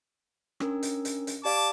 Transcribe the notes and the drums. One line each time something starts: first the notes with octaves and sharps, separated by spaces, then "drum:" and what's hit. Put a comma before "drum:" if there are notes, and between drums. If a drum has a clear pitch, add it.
C#4 D4 A#4, drum: rim click
drum: hi-hat
drum: hi-hat
drum: hi-hat
G4 D5 F5 A5 D6